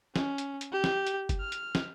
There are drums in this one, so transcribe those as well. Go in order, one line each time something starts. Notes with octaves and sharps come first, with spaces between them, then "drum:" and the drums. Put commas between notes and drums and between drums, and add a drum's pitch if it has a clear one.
C#4, drum: snare
drum: hi-hat
drum: hi-hat
G4
drum: snare
drum: hi-hat
drum: kick, hi-hat
F6
drum: hi-hat
drum: snare